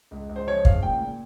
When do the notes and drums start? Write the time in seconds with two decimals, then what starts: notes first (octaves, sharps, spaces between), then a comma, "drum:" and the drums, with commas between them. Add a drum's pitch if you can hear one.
0.11 C#2
0.29 C#2
0.36 C5
0.47 F3 C#5
0.65 C#3 F5, drum: kick
0.83 A#2 G5
1.00 A#2